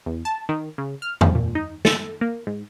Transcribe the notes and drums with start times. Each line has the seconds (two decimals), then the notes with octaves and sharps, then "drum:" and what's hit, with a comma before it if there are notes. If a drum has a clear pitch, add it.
0.06 E2
0.25 A5
0.49 D#3
0.78 C#3
1.02 F6
1.21 F3, drum: tom E2
1.35 A#2
1.55 D#4
1.85 A4, drum: snare
2.21 A#3
2.47 G#2